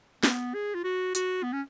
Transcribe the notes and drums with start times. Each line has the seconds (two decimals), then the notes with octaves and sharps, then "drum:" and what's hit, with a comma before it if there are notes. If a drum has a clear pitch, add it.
0.23 B3, drum: snare
0.54 G#4
0.74 F4
0.84 F#4
1.15 F#4, drum: hi-hat
1.43 B3
1.52 C#4